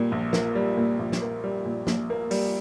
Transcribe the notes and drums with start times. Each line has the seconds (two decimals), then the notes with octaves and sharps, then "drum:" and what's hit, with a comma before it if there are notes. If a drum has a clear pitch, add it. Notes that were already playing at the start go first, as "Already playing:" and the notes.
Already playing: A#2 G3 A#3
0.12 A#1
0.33 A#3, drum: snare
0.55 G3
0.77 A#2
0.99 A#1
1.12 drum: snare
1.22 A#3
1.44 G3
1.65 A#2
1.87 A#1, drum: snare
2.10 A#3
2.31 G3, drum: open hi-hat